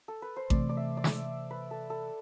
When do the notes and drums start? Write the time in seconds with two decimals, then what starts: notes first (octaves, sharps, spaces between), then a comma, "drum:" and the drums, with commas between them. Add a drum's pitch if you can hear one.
0.08 A4
0.22 B4
0.36 C5
0.50 C3 E3 A3 C4 D5, drum: kick A1
0.69 D5
0.77 E5
0.97 D5
1.04 E5, drum: snare
1.51 B4
1.71 A4
1.90 A4